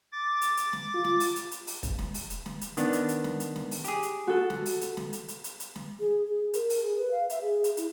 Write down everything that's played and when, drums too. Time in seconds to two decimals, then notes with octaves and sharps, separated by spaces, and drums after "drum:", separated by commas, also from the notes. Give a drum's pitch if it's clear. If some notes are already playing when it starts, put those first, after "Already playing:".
0.12 D6 A6
0.41 drum: hi-hat
0.57 drum: hi-hat
0.73 drum: snare
0.94 F4
1.04 drum: snare
1.20 drum: open hi-hat
1.36 drum: hi-hat
1.51 drum: hi-hat
1.67 drum: open hi-hat
1.83 drum: kick, hi-hat
1.99 drum: snare
2.14 drum: open hi-hat
2.30 drum: hi-hat
2.46 drum: snare
2.61 drum: hi-hat
2.77 D#3 B3 D4, drum: hi-hat
2.93 drum: hi-hat
3.08 drum: hi-hat
3.24 drum: snare
3.40 drum: hi-hat
3.56 drum: snare
3.71 drum: open hi-hat
3.84 G4 G#4, drum: hi-hat
4.03 drum: hi-hat
4.27 F#4 A4
4.50 drum: snare
4.66 drum: open hi-hat
4.81 drum: hi-hat
4.97 drum: snare
5.13 drum: hi-hat
5.28 drum: hi-hat
5.44 drum: hi-hat
5.60 drum: hi-hat
5.75 drum: snare
6.00 G#4
6.26 G#4
6.53 A#4, drum: hi-hat
6.70 drum: open hi-hat
6.82 G#4
6.97 B4
7.11 F5
7.30 E5, drum: hi-hat
7.41 G#4
7.64 drum: hi-hat
7.77 E4, drum: hi-hat